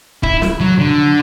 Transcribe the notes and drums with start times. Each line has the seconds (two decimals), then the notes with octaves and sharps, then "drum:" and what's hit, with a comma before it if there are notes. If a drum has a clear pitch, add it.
0.23 E4, drum: kick D1
0.42 drum: snare
0.60 F#3
0.79 D3